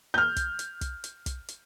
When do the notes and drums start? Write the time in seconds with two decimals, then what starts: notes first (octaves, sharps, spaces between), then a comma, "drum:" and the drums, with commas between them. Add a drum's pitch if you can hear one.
0.14 F6 G6
0.36 drum: kick, hi-hat
0.59 drum: hi-hat
0.81 drum: kick, hi-hat
1.04 drum: hi-hat
1.26 drum: kick, hi-hat
1.48 drum: hi-hat